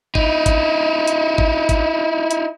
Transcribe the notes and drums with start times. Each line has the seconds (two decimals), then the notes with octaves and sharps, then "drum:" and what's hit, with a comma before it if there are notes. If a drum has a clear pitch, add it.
0.15 D#4 E4, drum: kick
0.46 drum: kick, hi-hat
1.07 drum: hi-hat
1.38 drum: kick
1.69 drum: kick, hi-hat
2.31 drum: hi-hat